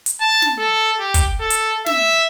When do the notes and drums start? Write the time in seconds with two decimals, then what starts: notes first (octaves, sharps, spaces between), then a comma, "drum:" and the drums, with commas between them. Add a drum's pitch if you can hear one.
0.06 drum: hi-hat
0.21 A5
0.42 drum: snare
0.59 A4
1.00 G4
1.14 drum: kick, hi-hat
1.40 A4
1.50 drum: hi-hat
1.86 E5, drum: snare